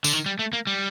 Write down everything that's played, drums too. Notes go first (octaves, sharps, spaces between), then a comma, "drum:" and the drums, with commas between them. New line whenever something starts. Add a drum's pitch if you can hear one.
D3, drum: tambourine
D#3
G3
A3
A#3
G3